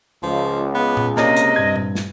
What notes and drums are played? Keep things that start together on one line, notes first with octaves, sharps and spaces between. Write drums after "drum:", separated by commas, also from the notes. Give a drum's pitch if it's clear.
C#2 F3
B3
drum: tom A#2
C3 A#3 C#4 D4 D#5, drum: snare
drum: hi-hat
G2 G#6
drum: tom A#2
drum: snare